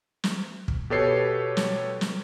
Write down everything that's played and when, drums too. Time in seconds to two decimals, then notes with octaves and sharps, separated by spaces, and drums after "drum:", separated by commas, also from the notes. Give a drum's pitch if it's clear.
0.24 drum: snare
0.68 drum: kick
0.90 B2 G4 A4 B4 C#5 C7
1.57 drum: snare
2.01 drum: snare